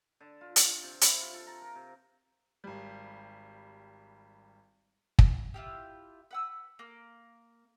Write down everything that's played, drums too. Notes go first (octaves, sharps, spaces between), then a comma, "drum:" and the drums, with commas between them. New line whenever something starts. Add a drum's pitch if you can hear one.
D3
F4
F4, drum: hi-hat
C3
E4, drum: hi-hat
F4
A4
A#5
A#4
C3
G#1 G3
drum: kick
E4 F4 G4
B4 F#5 E6
A#3